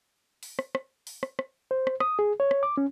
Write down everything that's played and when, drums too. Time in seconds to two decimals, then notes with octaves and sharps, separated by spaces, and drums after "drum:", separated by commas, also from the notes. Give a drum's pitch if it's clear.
0.43 drum: open hi-hat
0.59 drum: rim click
0.75 drum: rim click
1.07 drum: open hi-hat
1.23 drum: rim click
1.39 drum: rim click
1.71 C5
1.87 drum: rim click
2.00 D#6, drum: rim click
2.19 G#4
2.40 C#5
2.51 drum: rim click
2.63 D6
2.77 C#4